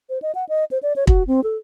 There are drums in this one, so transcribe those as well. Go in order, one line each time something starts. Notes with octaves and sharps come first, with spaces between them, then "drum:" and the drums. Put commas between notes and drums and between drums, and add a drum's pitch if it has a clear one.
C5
D#5
F#5
D#5
C5
D5
C#5
F#4, drum: kick
C4
A4